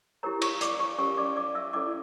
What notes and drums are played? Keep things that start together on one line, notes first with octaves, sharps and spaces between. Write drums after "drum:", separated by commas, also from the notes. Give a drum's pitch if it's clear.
E4 G4 A#4 C#5 A#5
C#5 C#6, drum: cymbal
D5 D6, drum: hi-hat
C#5 C#6
C#4 G4 A#4 C#5 C#6
D5 D6
D5 D6
E5 E6
C#4 E4 A4 C#5 D5 D6